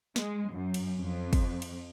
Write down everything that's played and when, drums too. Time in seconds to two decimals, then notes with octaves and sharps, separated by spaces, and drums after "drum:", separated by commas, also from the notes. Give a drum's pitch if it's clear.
0.16 G#3, drum: snare
0.52 F#2
0.74 drum: cymbal
1.00 F2
1.33 drum: kick, cymbal
1.62 drum: cymbal